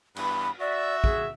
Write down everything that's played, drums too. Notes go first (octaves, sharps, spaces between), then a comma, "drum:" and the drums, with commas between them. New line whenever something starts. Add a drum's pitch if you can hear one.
G2 E3 B3 B5, drum: cymbal
F#4 D5 E5
G#4, drum: kick